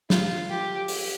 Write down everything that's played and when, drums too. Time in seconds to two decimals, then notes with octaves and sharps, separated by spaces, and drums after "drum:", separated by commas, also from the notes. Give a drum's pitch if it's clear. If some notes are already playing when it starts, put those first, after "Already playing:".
0.10 F4, drum: snare
0.50 G4
0.88 drum: open hi-hat